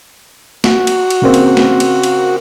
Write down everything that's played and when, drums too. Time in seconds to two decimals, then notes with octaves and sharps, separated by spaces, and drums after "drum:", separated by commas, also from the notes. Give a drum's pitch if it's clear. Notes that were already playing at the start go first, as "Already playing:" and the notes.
0.64 F#4, drum: snare A#3
0.87 drum: cymbal
1.10 drum: cymbal
1.22 C#3 A#3 C4
1.34 drum: cymbal
1.57 drum: snare A#3
1.80 drum: cymbal
2.03 drum: cymbal